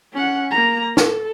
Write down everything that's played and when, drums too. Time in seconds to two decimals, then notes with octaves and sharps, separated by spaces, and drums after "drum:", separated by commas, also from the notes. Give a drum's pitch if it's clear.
0.13 C#4 F#5
0.51 A#3 A#5
0.97 A4, drum: snare